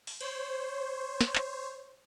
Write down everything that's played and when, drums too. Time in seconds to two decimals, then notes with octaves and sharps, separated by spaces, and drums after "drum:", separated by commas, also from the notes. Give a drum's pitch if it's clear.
0.07 drum: open hi-hat
0.21 C5 C#5, drum: cymbal
1.21 drum: snare
1.36 drum: clap